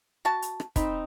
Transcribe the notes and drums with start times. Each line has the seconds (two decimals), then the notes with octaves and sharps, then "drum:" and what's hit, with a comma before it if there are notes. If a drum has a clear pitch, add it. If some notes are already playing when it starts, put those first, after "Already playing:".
0.25 F#4 A5
0.42 drum: hi-hat
0.60 drum: rim click
0.76 C4 D#4 B5, drum: kick, hi-hat